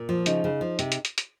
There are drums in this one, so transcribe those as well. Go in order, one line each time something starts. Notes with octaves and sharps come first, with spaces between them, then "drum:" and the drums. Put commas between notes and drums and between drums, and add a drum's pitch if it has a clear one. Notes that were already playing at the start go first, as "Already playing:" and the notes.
Already playing: A#2
F3
C#3 D#4, drum: hi-hat
C#3
F3
C3, drum: hi-hat
drum: hi-hat
drum: hi-hat
drum: hi-hat